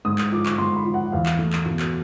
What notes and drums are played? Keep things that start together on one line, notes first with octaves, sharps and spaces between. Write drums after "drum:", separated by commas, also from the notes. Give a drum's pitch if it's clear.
G#2 D#6
D#6, drum: clap
F3 D6
C#6, drum: clap
G#2 C6
B5
F3
F#5
E2 F5
drum: clap
A3
drum: clap
B2
drum: clap